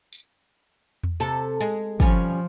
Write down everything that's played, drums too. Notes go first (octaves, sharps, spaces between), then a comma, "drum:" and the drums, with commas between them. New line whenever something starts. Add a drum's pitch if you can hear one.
drum: tambourine
drum: tom E2
C3 A4
G#3
F3 G3 C#4, drum: kick